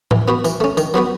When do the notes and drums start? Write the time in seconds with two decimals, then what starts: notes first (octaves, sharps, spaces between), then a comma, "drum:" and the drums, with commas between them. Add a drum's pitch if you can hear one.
0.11 E3, drum: tom A2
0.28 B3 F#4 B4
0.45 E3, drum: tambourine
0.60 A3 C#4
0.77 D#3, drum: tambourine
0.94 F#3 B3 F#4 B4